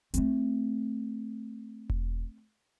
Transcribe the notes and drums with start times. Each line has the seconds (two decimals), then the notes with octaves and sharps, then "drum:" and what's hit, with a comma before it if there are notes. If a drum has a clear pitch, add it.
0.14 A3 C4, drum: hi-hat
1.90 drum: kick E1